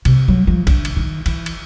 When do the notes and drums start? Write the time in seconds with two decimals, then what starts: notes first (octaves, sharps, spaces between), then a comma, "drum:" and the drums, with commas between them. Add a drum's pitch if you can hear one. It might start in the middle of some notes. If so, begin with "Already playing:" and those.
0.05 C3, drum: cymbal
0.28 F#3
0.47 F3
0.67 D3, drum: kick A#1, cymbal
0.85 drum: cymbal
0.96 D#3
1.26 E3, drum: cymbal
1.46 drum: cymbal